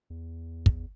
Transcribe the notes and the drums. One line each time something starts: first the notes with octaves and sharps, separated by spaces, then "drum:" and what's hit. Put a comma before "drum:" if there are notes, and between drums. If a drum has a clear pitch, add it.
E2
drum: kick